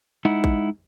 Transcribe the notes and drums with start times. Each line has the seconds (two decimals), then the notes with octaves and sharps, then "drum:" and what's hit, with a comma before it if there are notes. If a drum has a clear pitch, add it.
0.25 G#3 D#4 E4 F#5
0.44 drum: kick